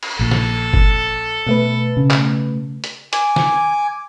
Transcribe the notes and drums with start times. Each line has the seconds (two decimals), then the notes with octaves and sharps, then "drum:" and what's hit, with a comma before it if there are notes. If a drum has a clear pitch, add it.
0.03 drum: cymbal
0.19 A#1 A#2 A4
0.31 drum: snare
0.74 drum: kick F#1
1.47 B2 A3 B4
1.97 C#3
2.11 drum: clap
2.84 drum: hi-hat
3.13 G#5 D6, drum: hi-hat
3.36 drum: snare